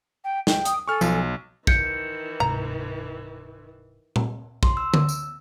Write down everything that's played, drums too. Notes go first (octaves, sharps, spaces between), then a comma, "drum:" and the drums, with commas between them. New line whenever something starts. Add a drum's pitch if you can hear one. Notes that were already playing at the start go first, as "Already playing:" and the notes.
G5
G5, drum: snare
D#6, drum: hi-hat
A4 G#5 C#6 F6
B1 F3, drum: tambourine
D#3 E3 G6 C#7, drum: kick
D1 G#2 C3 A#5
drum: tom A#2
C6, drum: kick
E6
drum: tom D3
drum: tambourine